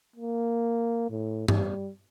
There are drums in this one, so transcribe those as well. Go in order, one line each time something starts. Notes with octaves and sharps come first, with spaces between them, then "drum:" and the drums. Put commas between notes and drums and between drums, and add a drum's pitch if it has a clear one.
A#3
A2
G3, drum: tom G2